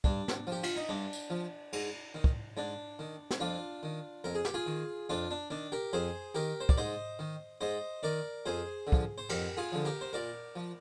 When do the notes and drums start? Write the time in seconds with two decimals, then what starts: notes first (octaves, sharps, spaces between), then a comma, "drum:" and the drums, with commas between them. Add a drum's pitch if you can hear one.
0.04 G2 D4, drum: kick
0.28 drum: snare
0.47 F3 G4
0.63 F4, drum: cymbal
0.76 D#4
0.89 G2 D4
1.13 drum: tambourine
1.30 F3
1.73 G#2, drum: cymbal
2.14 D#3
2.24 drum: kick
2.57 G#2 D4
2.99 D#3
3.31 drum: snare
3.40 F2 D4 F4
3.83 D#3
4.24 F2 A#4
4.35 G#4
4.45 G4, drum: snare
4.54 F4 G#4
4.67 D#3
5.09 F2 D4 F4
5.31 D4
5.50 D#3 D4
5.72 G4 A#4
5.93 F2 G#4 C5
6.35 D#3 G4 A#4
6.60 C5
6.69 D5, drum: kick
6.78 G#2 C5 D#5
7.19 D#3
7.61 G#2 C5 D#5
8.03 D#3 A#4 D5
8.46 F2 G#4 C5
8.87 D3
8.92 F3, drum: kick
9.18 C5
9.29 F2 G4 A#4, drum: cymbal
9.57 F4 G#4
9.72 D3 F3
9.85 G4 A#4
10.01 C5
10.13 A#2 A#4 D5
10.56 F3